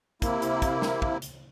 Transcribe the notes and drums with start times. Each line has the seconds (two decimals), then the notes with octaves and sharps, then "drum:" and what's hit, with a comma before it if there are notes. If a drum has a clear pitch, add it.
0.22 C3 A#3 E4, drum: kick, hi-hat
0.42 drum: hi-hat
0.62 drum: kick, hi-hat
0.82 drum: snare
1.02 drum: kick
1.22 drum: hi-hat